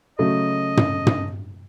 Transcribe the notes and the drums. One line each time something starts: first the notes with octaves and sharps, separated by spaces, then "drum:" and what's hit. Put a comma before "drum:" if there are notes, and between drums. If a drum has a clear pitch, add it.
C#3 F#3 A3 D#5
drum: tom
drum: tom